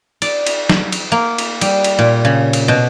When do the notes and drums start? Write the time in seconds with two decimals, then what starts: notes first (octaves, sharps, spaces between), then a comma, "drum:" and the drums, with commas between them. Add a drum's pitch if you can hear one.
0.22 D5, drum: cymbal
0.47 drum: cymbal
0.69 drum: snare
0.92 drum: cymbal
1.12 A#3
1.38 drum: cymbal
1.61 G3, drum: cymbal
1.84 drum: cymbal
1.99 A#2
2.25 C#3
2.53 drum: cymbal
2.68 B2